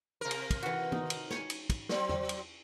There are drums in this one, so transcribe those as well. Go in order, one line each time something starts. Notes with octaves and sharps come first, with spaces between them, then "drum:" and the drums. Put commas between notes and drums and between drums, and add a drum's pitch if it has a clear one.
C3 A#4
drum: cymbal
drum: kick, cymbal
E3 F#4
D#4, drum: tom D#3
drum: cymbal
C#5 G#5, drum: snare
drum: cymbal
drum: kick, cymbal
F#3 C4, drum: snare
drum: tom E2
drum: cymbal